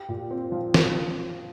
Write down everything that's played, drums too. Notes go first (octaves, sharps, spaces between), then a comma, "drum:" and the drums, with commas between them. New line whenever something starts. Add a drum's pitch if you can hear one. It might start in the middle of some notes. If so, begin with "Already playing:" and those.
Already playing: G4
A#2
C4
F3
drum: snare